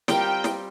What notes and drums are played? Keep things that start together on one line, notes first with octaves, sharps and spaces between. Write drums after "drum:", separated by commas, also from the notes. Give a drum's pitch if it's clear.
G3 C4 F4 A#4 G5, drum: snare
drum: snare